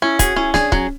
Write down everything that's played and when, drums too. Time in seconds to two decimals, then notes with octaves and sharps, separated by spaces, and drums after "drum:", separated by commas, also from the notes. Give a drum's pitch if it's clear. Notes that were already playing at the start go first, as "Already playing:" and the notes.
0.02 C#4 E4
0.19 F#4 G#4, drum: kick, hi-hat
0.36 C#4 E4
0.54 D4 G#4, drum: snare
0.72 F#3 C#4, drum: kick